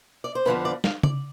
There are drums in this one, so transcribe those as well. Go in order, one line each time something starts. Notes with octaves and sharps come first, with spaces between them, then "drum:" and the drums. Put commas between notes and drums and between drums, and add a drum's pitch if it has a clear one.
D5
C5
F2 D3 F3 B3 B4
D5
F5, drum: snare
D5, drum: tom C#3